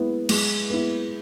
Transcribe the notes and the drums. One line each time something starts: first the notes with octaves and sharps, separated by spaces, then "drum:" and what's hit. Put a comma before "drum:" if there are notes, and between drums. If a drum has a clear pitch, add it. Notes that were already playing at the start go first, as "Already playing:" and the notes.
Already playing: G#3 B3 E4
G#3, drum: cymbal
B3 E4